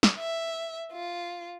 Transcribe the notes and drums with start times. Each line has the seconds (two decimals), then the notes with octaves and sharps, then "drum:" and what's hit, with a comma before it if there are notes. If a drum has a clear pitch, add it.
0.03 drum: snare
0.18 E5
0.92 F4